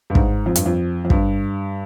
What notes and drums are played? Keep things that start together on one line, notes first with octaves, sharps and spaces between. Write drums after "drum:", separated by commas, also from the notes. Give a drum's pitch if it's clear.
G2
G#2, drum: kick
F2
G2, drum: hi-hat
F2
F2
G2, drum: kick